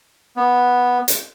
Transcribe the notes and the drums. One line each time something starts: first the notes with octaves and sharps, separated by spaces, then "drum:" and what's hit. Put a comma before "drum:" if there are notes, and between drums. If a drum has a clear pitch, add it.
B3
drum: hi-hat